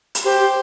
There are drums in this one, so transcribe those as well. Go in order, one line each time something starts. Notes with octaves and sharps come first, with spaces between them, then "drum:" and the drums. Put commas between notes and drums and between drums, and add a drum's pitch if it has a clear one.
drum: hi-hat
G4 C5